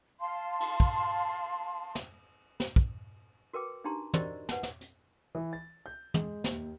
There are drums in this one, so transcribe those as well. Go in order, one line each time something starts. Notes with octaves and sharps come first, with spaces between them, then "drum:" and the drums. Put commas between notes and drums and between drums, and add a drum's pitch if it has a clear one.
F5 A5 C6
drum: cymbal
drum: kick
drum: snare
drum: snare
drum: kick
F#4 A#4 B4 G5 D6
D4 D#4 G4 A#5 C6
F#4 G4 A#4 C5 D5 D#5, drum: tom
B4 F#5 A5, drum: snare
drum: snare
drum: hi-hat
E3
A6
G6
G#3, drum: tom
D#2, drum: snare